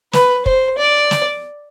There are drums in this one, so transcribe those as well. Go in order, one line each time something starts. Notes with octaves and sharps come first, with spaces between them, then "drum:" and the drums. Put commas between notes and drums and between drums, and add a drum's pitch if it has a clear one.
B4, drum: snare
C5, drum: kick
D5
drum: snare